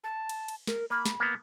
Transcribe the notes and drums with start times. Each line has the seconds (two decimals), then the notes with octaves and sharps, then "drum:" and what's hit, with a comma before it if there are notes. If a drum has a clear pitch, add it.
0.04 A5
0.29 drum: cymbal
0.48 drum: cymbal
0.67 A#4, drum: snare
0.90 A#3 B5
1.06 drum: snare
1.20 A#3 B3